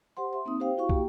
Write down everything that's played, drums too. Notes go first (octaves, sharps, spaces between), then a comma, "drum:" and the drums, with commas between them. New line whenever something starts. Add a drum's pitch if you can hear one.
G4 C5 F#5 C6
E5 C6
A#3 C4 D#4 D#6
G4 C5 F5 G5
E4 F#4 F5 C#6
A#3 G4 G5, drum: kick